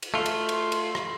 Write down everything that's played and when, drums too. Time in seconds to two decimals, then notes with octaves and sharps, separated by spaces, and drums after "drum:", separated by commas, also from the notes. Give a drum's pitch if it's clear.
0.03 drum: cymbal
0.14 A3 F4
0.26 drum: cymbal
0.49 C6, drum: cymbal
0.72 drum: cymbal
0.95 drum: rim click